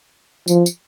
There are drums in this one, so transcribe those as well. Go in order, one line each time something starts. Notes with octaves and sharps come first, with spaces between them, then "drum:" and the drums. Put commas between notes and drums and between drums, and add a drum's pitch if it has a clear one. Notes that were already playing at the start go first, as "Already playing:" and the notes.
F3, drum: tambourine
drum: tambourine